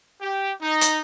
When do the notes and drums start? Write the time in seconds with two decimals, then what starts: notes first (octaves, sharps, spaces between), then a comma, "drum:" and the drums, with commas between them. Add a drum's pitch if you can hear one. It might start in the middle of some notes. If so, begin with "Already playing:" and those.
0.22 G4
0.62 D#4
0.81 drum: hi-hat